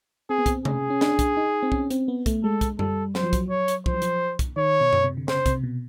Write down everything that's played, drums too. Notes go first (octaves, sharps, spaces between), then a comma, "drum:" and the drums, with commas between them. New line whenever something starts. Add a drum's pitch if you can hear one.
C4 G#4
B3
C4, drum: kick, hi-hat
C#4 G#4, drum: tom C3
C#4
D4, drum: snare
drum: kick, hi-hat
D#4
C4
C#4, drum: kick
C4, drum: hi-hat
B3
A3, drum: kick, hi-hat
G#3 A4
drum: kick, hi-hat
G3 A4, drum: tom F#2
F#3 C5, drum: snare
F3
F#3, drum: kick, hi-hat
C#5
drum: hi-hat
F3 C5, drum: kick
F#3
F3, drum: hi-hat
drum: kick, hi-hat
D#3 C#5
B2
drum: tom F#2
C3
D3
C#3 C5, drum: snare
C3, drum: kick, hi-hat
B2